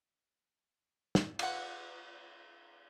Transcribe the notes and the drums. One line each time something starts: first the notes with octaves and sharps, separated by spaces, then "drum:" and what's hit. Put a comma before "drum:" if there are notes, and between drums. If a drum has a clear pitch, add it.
drum: snare
F4 F#5, drum: cymbal